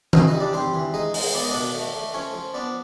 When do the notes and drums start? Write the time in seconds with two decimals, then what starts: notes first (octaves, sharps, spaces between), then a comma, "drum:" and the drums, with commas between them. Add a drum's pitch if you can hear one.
0.13 E3 D#4 D#5, drum: tom D#3
0.27 D#4 D#5
0.34 G3
0.40 D4 D5
0.53 G3 C4 C5
0.74 E3
0.94 G#3 D#4 D#5
1.14 G#3, drum: open hi-hat
1.34 B3 D5
1.43 D#5
1.50 B2 D4 D5
1.75 A3
1.95 A3
2.14 F3 C#4 C#5
2.34 F3
2.54 B3 D4 D5